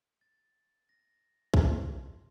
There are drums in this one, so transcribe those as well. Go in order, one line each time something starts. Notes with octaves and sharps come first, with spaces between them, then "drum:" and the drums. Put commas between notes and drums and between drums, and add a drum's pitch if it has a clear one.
A6
A#6
C6, drum: kick